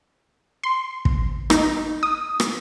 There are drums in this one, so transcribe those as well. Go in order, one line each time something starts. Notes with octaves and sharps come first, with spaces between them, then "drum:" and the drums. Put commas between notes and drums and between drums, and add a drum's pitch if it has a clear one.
C6
drum: kick
D#4, drum: rim click
D#6
drum: rim click